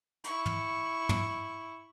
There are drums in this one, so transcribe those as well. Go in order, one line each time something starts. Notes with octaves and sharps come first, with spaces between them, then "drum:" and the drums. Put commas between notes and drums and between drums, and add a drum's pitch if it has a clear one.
E4 C#6, drum: hi-hat
drum: tom
drum: tom